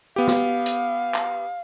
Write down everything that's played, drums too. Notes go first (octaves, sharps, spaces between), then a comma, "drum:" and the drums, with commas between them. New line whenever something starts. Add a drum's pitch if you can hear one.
B3 G4 F5
drum: snare
drum: hi-hat
drum: clap